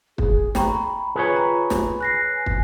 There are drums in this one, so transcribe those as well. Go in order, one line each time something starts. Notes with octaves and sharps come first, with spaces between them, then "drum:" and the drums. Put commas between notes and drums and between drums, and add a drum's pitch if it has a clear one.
G#4, drum: kick
G5 A#5 B5 C#6, drum: snare
F4 G#4 B4 C#5
A#5
drum: snare
G#5 F#6 A#6 C7
drum: kick